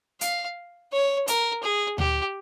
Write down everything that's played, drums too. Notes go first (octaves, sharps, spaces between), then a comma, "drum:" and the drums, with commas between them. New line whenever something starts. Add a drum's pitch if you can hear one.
F5, drum: hi-hat
C#5
A#4, drum: hi-hat
G#4
G4, drum: tom D2